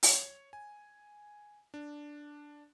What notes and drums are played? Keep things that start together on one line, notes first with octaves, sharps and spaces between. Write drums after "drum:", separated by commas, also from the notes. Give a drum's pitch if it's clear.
C#5, drum: open hi-hat
G#5
D4